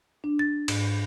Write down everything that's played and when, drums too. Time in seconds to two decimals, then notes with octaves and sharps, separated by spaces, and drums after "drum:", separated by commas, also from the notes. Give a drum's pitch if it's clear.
0.24 D4
0.39 A6
0.68 G#2, drum: cymbal